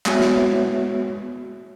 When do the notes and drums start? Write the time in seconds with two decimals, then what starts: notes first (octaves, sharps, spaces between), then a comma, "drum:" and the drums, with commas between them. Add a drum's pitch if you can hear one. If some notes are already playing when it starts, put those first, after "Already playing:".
0.06 G#3 B3 F#4 C#5 E5, drum: clap
0.21 drum: snare